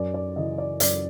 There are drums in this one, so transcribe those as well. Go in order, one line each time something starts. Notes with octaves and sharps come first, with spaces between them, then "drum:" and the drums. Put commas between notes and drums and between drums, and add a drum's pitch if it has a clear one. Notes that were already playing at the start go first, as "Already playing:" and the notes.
Already playing: F#2 D5
D5
C#3 E3 D#5
D5
F#2 D5, drum: hi-hat